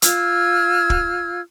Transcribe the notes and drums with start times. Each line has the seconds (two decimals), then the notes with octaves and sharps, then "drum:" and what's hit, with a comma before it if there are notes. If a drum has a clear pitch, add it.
0.02 F4 E6 F6 G#6, drum: hi-hat
0.90 drum: kick